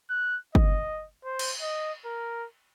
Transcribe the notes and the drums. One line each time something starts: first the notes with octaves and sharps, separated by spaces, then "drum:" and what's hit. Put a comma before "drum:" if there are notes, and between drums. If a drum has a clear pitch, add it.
F#6
D#5, drum: kick
C5
drum: cymbal
D#5
A#4